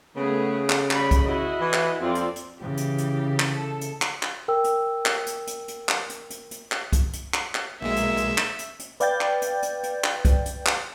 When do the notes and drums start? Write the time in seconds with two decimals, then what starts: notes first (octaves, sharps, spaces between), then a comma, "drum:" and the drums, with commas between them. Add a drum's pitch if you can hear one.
0.17 C#3 A3 B3 G#4
0.70 drum: clap
0.91 G3 C#5 B5, drum: clap
1.11 drum: kick, hi-hat
1.23 E4 F#4 D#5
1.61 E3
1.73 drum: clap
2.01 F2 C4 F4 D5
2.15 drum: hi-hat
2.36 drum: hi-hat
2.61 C#3 E3 G4
2.77 drum: hi-hat
2.98 drum: hi-hat
3.40 drum: clap
3.56 A4
3.81 drum: hi-hat
4.02 drum: clap
4.23 drum: clap
4.48 A#4 G5 E6
4.64 drum: hi-hat
5.06 drum: clap
5.26 drum: hi-hat
5.47 drum: hi-hat
5.68 drum: hi-hat
5.89 drum: clap
6.09 drum: hi-hat
6.30 drum: hi-hat
6.51 drum: hi-hat
6.72 drum: clap
6.93 drum: kick, hi-hat
7.13 drum: hi-hat
7.34 drum: clap
7.55 drum: clap
7.81 B1 G#3 A#3 E5
7.96 drum: hi-hat
8.17 drum: hi-hat
8.38 drum: clap
8.59 drum: hi-hat
8.79 drum: hi-hat
9.00 B4 D5 F5 G5 G6 A6, drum: hi-hat
9.21 drum: clap
9.42 drum: hi-hat
9.62 drum: hi-hat
9.83 drum: hi-hat
10.04 drum: clap
10.25 drum: kick, hi-hat
10.45 drum: hi-hat
10.66 drum: clap